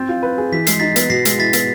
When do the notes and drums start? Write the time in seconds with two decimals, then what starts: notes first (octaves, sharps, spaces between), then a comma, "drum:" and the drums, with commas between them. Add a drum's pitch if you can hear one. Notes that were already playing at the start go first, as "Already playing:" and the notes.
Already playing: C4 G6 A6
0.08 F4
0.23 B4
0.38 G#4
0.52 E3 B6
0.67 G#3 C7, drum: hi-hat
0.79 D#4 A6 B6
0.96 B3, drum: hi-hat
1.10 B2 A#6 C7
1.25 G#3, drum: hi-hat
1.39 E4 A6 B6
1.53 B3, drum: hi-hat